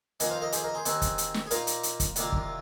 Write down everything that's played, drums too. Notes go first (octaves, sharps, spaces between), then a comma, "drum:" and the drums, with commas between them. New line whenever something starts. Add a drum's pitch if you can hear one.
F2 D#3 A#3 D#5 G#5, drum: hi-hat
C5 F5
A#4 D#5
G#4 C5, drum: hi-hat
A#4 D#5
G#4 C5
D#2 D#3 C4 D#4, drum: hi-hat
drum: kick, hi-hat
drum: hi-hat
drum: snare
G#4
A#2 A#3 D#4 F4 A#4, drum: hi-hat
drum: hi-hat
drum: hi-hat
drum: kick, hi-hat
C2 C3 D#3 A#3 F4, drum: hi-hat
drum: kick